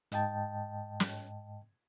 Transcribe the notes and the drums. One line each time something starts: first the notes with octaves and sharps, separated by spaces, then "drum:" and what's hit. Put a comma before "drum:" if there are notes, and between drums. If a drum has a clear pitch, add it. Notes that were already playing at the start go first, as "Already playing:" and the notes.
G#2 D#5 G5 A5, drum: hi-hat
drum: snare